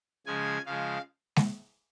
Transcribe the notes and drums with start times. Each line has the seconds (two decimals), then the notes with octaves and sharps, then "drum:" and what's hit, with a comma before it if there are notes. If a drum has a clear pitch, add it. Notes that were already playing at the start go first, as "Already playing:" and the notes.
0.26 C#3 F3 G#3 G#5
0.66 C#3 F3 G#3 F5
1.36 drum: snare G#3